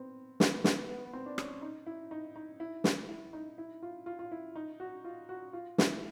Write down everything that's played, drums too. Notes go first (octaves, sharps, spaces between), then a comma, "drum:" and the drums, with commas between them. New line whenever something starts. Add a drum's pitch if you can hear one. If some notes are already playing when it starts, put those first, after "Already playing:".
Already playing: B3 C4
B3, drum: snare
B3, drum: snare
B3
B3
C4
D4
C#4, drum: rim click
D4
D#4
E4
D#4
D#4
E4
E4, drum: snare
E4
D#4
E4
F4
F4
F4
E4
D#4
F#4
F4
F#4
F4
E4, drum: snare